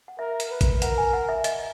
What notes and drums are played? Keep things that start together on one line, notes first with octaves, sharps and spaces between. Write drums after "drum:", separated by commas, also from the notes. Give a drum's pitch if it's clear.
F#5
A#4 E5
drum: hi-hat
B4
drum: kick A1, hi-hat
A#4 F#5, drum: hi-hat
G#5
F#5
E5
D#5, drum: hi-hat